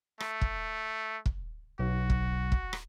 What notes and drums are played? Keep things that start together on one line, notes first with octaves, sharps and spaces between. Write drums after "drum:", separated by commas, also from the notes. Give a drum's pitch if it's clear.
A3, drum: rim click
drum: kick
drum: kick
B1 F#4
drum: kick
drum: kick
drum: rim click